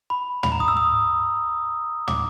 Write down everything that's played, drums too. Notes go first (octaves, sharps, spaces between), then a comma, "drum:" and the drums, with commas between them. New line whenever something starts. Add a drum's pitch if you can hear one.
B5
B5, drum: tom
A#5
D#6, drum: kick
E6
D#6
D6, drum: tom